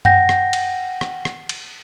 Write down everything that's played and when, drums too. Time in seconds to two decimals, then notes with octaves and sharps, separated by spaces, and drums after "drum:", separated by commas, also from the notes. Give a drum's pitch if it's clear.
0.05 F#5 G5 G6 A#6, drum: tom
0.29 drum: rim click
0.53 drum: cymbal
1.01 drum: rim click
1.25 drum: rim click
1.49 drum: cymbal